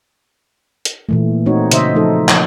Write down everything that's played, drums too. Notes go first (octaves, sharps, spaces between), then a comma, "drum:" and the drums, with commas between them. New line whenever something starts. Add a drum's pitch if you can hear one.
drum: hi-hat
A#2 E3 A3
A3 A#3 C4 D#4 F#4 C#5
C#3 C5 D#5 E5, drum: hi-hat
F3 A3 D#4 A4
F3 C#5, drum: clap